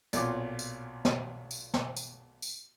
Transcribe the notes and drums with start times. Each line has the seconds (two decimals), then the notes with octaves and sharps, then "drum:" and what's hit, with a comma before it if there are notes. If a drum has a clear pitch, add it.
0.13 B1 A#2 C4 F4 C#5 D6, drum: tambourine
0.59 drum: tambourine
1.05 drum: snare
1.51 drum: tambourine
1.74 drum: snare
1.96 drum: tambourine
2.42 drum: tambourine